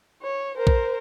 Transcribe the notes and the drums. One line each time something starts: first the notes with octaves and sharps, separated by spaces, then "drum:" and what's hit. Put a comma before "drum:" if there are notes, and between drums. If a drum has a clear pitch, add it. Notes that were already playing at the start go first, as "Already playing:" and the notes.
C#5
A#4 C5
drum: kick A#1